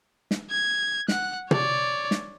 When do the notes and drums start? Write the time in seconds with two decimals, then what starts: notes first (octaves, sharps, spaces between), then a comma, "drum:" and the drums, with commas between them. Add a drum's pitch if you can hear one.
0.31 drum: snare
0.50 G#6
1.08 F#5 F#6, drum: snare
1.51 C#5 D5, drum: tom
2.11 drum: snare